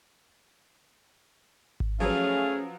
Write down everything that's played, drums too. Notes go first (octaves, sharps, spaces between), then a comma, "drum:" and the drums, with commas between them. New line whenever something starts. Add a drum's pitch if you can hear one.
drum: kick G#1
F3 F#3 A3 C#4 G#4 B4 F5